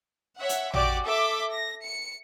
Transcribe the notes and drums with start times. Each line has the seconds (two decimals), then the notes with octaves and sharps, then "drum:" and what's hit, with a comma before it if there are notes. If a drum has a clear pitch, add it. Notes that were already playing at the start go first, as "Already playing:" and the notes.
0.38 C#5 E5 F#5
0.49 drum: hi-hat
0.74 F#4 G4 D5 D6, drum: tom
1.04 A4 E5 D6 E6
1.52 A#6
1.84 C#7